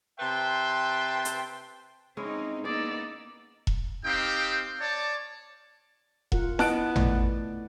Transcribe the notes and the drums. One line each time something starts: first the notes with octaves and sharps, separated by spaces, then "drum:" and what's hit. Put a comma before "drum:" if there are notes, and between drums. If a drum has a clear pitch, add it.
C3 B4 E5 G5 A5 C6
drum: hi-hat
G#3 C4 C#4 D#4 E4
A#3 B3 D#4 G#4 D5 E6
drum: kick E1
C4 D#4 G4 F5 G5
C#5 D5 A5
F4 A#4 F#5, drum: kick E1
B3 E4 D#5 A5 F#6 D7, drum: snare
A3 D5, drum: tom